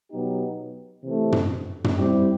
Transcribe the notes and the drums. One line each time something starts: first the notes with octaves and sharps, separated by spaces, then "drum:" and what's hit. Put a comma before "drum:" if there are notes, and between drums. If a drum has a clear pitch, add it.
B2 F#3 B3 D#4 G4
C3 E3 A3
drum: tom
drum: tom
G3 C4 E4 G4